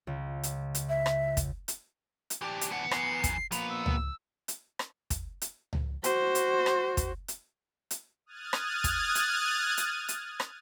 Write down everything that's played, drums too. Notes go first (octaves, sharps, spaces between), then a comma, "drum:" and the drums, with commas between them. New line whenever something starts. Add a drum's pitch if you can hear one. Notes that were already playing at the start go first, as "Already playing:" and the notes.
C#2
drum: hi-hat
drum: hi-hat
E5
drum: rim click
drum: kick, hi-hat
drum: hi-hat
drum: hi-hat
E3 D4 G4
drum: hi-hat
B3 F#5
F#2 E3 C7, drum: rim click
drum: kick, hi-hat
F3 A#3 B3 F7, drum: hi-hat
E6
drum: tom C#2
drum: hi-hat
drum: rim click
drum: kick, hi-hat
drum: hi-hat
drum: tom C#2
F#4 C5, drum: hi-hat
drum: hi-hat
drum: rim click
drum: kick, hi-hat
drum: hi-hat
drum: hi-hat
D#6 F6 F#6 G#6 A6 D#7
drum: rim click
drum: kick, hi-hat
drum: hi-hat
drum: hi-hat
drum: hi-hat
drum: rim click